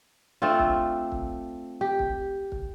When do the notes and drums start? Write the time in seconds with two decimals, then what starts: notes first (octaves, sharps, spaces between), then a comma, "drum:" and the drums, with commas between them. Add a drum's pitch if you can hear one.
0.42 A3 C4 D4 F4
0.59 drum: kick
1.12 drum: kick
1.81 G4
1.99 drum: kick
2.52 drum: kick